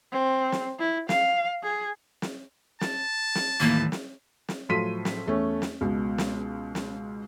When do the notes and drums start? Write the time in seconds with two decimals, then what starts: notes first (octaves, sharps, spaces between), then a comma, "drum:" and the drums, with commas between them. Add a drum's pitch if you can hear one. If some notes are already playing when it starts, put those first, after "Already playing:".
0.12 C4
0.52 drum: snare
0.79 E4
1.09 F5, drum: snare
1.62 G#4
2.22 drum: snare
2.81 A5, drum: snare
3.35 drum: snare
3.60 D#2 A2 E3 A#3
3.92 drum: snare
4.49 drum: snare
4.69 A2 F3 F#3 C6 B6 D#7
5.05 drum: snare
5.26 E2 A3 C#4
5.62 drum: snare
5.81 C#2 B2
6.18 drum: snare
6.75 drum: snare